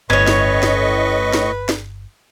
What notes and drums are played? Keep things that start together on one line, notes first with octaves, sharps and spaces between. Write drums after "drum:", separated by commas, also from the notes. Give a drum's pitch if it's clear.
G1 A2 C#4 B4 C#5 D#5 C#6
drum: snare
drum: snare
drum: snare
drum: snare